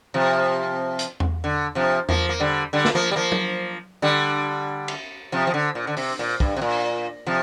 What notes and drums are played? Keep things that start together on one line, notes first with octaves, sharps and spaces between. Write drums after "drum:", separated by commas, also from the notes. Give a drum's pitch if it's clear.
C3 F3
drum: hi-hat
drum: tom E2
D3
C3 F3
F3 A#3, drum: tom E2
A#3
D3 G3
D3 G3
drum: snare
F3 A#3
G3
F3 A#3
drum: tom F#3
D3 G3
drum: cymbal
C3 F3
F3
D3
A#2
D3
C3, drum: open hi-hat
A#2
G2, drum: kick
C3
A#2
C3 F3